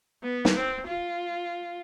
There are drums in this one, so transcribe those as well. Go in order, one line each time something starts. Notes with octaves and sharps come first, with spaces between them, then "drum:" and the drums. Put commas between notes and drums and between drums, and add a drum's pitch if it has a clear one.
B3
drum: snare
C4
F4